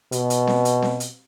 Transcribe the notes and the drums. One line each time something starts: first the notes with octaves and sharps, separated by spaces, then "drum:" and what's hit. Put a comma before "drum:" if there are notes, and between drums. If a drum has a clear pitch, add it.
B2, drum: hi-hat
drum: hi-hat
drum: snare C4
drum: hi-hat
drum: snare C4
drum: hi-hat